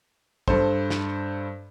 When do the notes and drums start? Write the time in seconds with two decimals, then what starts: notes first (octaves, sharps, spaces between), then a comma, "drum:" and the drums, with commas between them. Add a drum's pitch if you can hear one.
0.48 G2 A4 C5, drum: kick
0.90 drum: snare